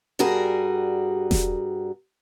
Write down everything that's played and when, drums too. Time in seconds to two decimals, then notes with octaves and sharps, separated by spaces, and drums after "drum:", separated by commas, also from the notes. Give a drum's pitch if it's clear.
0.19 G2 G3 F#4 G#4 A#4
1.31 drum: snare E1